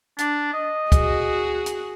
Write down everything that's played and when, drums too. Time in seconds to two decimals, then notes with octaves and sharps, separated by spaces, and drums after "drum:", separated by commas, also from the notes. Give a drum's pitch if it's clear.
0.18 D4, drum: hi-hat
0.54 D#5
0.92 F#4 G#4, drum: kick, hi-hat
1.66 drum: hi-hat